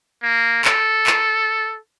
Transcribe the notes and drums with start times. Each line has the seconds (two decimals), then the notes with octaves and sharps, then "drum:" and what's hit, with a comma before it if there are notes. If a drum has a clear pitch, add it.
0.23 A#3
0.65 A4, drum: clap
1.07 drum: clap